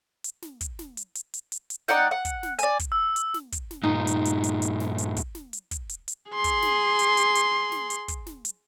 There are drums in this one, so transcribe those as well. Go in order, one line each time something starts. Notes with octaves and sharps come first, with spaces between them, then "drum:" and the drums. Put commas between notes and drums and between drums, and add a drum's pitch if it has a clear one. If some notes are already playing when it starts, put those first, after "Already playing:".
drum: hi-hat
drum: snare
drum: kick, hi-hat
drum: snare
drum: hi-hat
drum: hi-hat
drum: hi-hat
drum: hi-hat
drum: hi-hat
D#4 D5 F#5 G5, drum: snare
F#5
drum: kick, hi-hat
drum: snare
D5 G#5, drum: hi-hat
drum: kick, hi-hat
E6
drum: hi-hat
drum: snare
drum: kick, hi-hat
drum: snare
G2 A#2 D#4
drum: hi-hat
drum: hi-hat
drum: hi-hat
drum: hi-hat
drum: snare
drum: hi-hat
drum: kick, hi-hat
drum: snare
drum: hi-hat
drum: kick, hi-hat
drum: hi-hat
drum: hi-hat
G#4 C6
drum: kick, hi-hat
drum: snare
drum: hi-hat
drum: hi-hat
drum: hi-hat
drum: snare
drum: hi-hat
drum: kick, hi-hat
drum: snare
drum: hi-hat